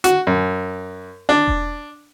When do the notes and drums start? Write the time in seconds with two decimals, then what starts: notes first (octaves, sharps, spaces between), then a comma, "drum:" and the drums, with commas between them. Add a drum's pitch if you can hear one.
0.04 F#4, drum: hi-hat
0.27 F#2
1.29 D4
1.48 drum: kick E1